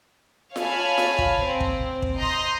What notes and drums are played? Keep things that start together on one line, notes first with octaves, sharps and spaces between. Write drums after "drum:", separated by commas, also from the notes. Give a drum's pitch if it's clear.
C#5 F5 G#5 A5 B5, drum: snare F4
drum: snare F4
drum: kick
C4
drum: kick
drum: kick
D#5 A#5 C6 G6 A#6